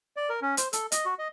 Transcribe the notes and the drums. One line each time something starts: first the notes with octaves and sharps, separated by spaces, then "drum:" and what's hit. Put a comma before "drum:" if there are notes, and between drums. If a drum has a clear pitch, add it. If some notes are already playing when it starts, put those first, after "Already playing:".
D5
A#4
C#4
C5, drum: hi-hat
A4, drum: hi-hat
D#5, drum: hi-hat
F#4
D#5